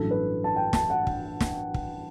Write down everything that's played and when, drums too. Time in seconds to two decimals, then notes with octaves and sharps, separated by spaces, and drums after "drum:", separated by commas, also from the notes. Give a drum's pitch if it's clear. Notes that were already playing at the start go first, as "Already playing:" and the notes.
Already playing: A1 G2 F#3 A4
0.11 B4
0.44 A5
0.56 G5
0.73 A5, drum: snare
0.90 F#5
1.07 drum: kick
1.41 drum: snare
1.74 drum: kick